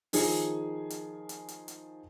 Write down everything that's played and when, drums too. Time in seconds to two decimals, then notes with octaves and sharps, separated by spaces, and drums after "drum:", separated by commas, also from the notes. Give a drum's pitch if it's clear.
0.13 D#3 F3 G#4 G#5, drum: open hi-hat
0.90 drum: hi-hat
1.29 drum: hi-hat
1.48 drum: hi-hat
1.68 drum: hi-hat